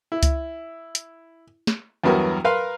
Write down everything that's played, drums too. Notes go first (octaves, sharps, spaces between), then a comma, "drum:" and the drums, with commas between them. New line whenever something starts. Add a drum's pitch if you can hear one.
E4
drum: kick C#2, hi-hat
drum: hi-hat
drum: snare
E2 G2 F#3 B3 F#4 A#4
A#4 B4 F5 C6